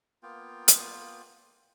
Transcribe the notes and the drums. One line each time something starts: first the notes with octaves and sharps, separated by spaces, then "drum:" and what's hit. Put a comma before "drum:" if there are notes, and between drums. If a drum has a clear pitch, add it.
A#3 B3 F4 G5
drum: hi-hat